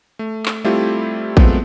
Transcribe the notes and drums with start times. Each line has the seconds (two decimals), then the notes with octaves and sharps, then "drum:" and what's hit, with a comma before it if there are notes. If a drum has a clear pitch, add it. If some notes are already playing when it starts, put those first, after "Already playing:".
0.19 A3
0.46 drum: clap
0.64 G3 A3 C4 E4 F4 G4
1.37 F#3 G#3 A3 B3 C4 F4, drum: kick A1